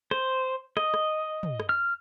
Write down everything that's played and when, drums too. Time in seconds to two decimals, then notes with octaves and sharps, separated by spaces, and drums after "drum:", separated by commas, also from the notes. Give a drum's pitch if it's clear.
0.11 C5, drum: rim click
0.77 D#5, drum: rim click
0.94 drum: rim click
1.43 drum: tom
1.60 drum: rim click
1.69 F6